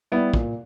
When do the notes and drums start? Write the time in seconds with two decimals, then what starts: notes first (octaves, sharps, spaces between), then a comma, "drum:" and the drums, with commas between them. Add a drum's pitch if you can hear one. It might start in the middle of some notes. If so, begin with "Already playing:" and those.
0.12 G3 B3 E4
0.34 A#2, drum: kick